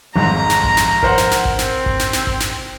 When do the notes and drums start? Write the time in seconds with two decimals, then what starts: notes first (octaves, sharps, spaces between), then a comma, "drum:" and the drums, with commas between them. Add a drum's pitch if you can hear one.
0.16 G#1 F2 G#2 A#5
0.50 drum: snare
0.63 drum: kick G#1
0.77 drum: snare
1.03 A#4 C5 F#5, drum: kick G#1
1.18 drum: snare
1.32 drum: snare
1.45 drum: kick G#1
1.59 C4, drum: snare
1.86 drum: kick G#1
2.00 drum: snare
2.13 drum: snare
2.27 drum: kick G#1
2.41 drum: snare